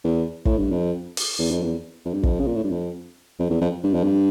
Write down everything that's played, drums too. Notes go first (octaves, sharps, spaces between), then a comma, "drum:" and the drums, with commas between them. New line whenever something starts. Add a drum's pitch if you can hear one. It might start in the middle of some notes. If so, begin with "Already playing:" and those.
E2
A2, drum: kick
G2
F2
drum: open hi-hat
E2
F2
E2
F2
G2
F2, drum: kick
C#3
A#2
A2
G2
F2
F2
E2
F2
G2
F2
G2